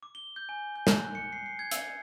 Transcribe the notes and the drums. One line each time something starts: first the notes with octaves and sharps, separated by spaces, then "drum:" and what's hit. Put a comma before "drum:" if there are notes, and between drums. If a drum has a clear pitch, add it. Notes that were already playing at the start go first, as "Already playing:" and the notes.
D6
G7
G6
G#5
G6
drum: snare
F#6
C#7
C7
C7
G#6
E6, drum: hi-hat